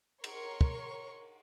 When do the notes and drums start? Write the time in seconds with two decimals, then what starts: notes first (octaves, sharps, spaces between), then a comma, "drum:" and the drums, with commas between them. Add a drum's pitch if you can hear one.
0.24 A#4 C#5 C6 C#6, drum: cymbal
0.61 drum: kick